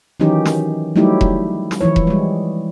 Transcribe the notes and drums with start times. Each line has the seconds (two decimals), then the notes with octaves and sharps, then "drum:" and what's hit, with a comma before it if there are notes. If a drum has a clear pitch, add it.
0.20 D#3 E3 F#3 C#4 D#4 G4
0.45 drum: snare
0.96 F#3 G3 A3 D#4 E4 G4
1.21 drum: kick E1
1.71 drum: snare
1.81 E3 F3 E4 C#5
1.96 drum: kick E1
2.07 G3 G#3